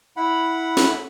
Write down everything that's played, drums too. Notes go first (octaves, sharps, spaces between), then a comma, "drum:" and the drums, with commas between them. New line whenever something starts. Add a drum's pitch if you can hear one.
E4 F#5 B5
drum: snare